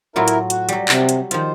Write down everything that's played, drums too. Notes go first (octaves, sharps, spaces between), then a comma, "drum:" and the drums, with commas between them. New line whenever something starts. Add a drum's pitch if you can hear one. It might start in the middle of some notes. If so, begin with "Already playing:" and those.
A2 F#3 E4 F4 A#4
drum: hi-hat
F#4, drum: hi-hat
F#3 G3, drum: hi-hat
C3, drum: clap
drum: hi-hat
D#3 F3 F4 C5, drum: hi-hat